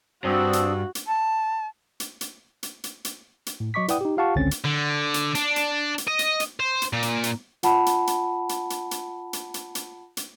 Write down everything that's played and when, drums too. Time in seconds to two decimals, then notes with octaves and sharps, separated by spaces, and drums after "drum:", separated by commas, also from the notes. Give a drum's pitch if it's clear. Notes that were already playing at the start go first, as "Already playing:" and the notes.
0.24 G2 C4 D4 F#4 D#6 E6
0.53 drum: hi-hat
0.95 drum: hi-hat
1.07 A5
2.00 drum: hi-hat
2.21 drum: hi-hat
2.63 drum: hi-hat
2.84 drum: hi-hat
3.05 drum: hi-hat
3.46 drum: hi-hat
3.60 A2
3.74 F#3 D#5 C#6 D6 B6
3.88 E4 B4 D5 F#5 G5 D#6, drum: hi-hat
4.01 D#4 G4
4.17 F4 G4 F5 F#5 A5 C#6
4.35 G#1 C#2 D3 C4 C#4 A6
4.51 drum: hi-hat
4.64 D3
5.14 drum: hi-hat
5.35 D4, drum: hi-hat
5.56 drum: hi-hat
5.98 drum: hi-hat
6.08 D#5
6.19 drum: hi-hat
6.40 drum: hi-hat
6.60 C5
6.82 drum: hi-hat
6.93 A#2
7.03 drum: hi-hat
7.24 drum: hi-hat
7.63 F4 F#5 A5 B5, drum: hi-hat
7.86 drum: hi-hat
8.07 drum: hi-hat
8.49 drum: hi-hat
8.70 drum: hi-hat
8.91 drum: hi-hat
9.33 drum: hi-hat
9.54 drum: hi-hat
9.75 drum: hi-hat
10.17 drum: hi-hat